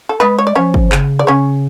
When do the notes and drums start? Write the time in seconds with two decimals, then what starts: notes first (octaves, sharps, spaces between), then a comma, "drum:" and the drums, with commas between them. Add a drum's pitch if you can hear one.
0.09 A4
0.20 G#3 B3 B4
0.38 C#5
0.47 D5
0.55 F3 C#4 C#5
0.74 drum: kick
0.92 C#3, drum: clap
1.19 D5
1.27 C#3 C#4 C#5